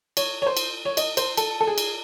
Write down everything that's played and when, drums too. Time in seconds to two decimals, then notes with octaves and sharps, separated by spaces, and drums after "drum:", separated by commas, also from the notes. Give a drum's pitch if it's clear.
0.17 C#5, drum: cymbal
0.42 C#5
0.46 C5
0.57 drum: cymbal
0.85 C#5
0.97 D#5, drum: cymbal
1.17 C5, drum: cymbal
1.37 A4, drum: cymbal
1.61 A4
1.67 G#4
1.78 drum: cymbal